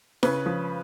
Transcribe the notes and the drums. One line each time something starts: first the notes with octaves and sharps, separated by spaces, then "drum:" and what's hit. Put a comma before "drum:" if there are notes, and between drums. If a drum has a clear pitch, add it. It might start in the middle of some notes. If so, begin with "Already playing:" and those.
C#3 B4, drum: snare E4
F3